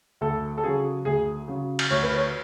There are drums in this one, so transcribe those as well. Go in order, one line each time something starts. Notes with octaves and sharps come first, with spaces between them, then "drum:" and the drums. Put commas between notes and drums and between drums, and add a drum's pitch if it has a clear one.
D2 A4
A4
C#3 F#3 G#4
D2 G#4
C#3 F#3
drum: cymbal
D2 C#5
B4
C#5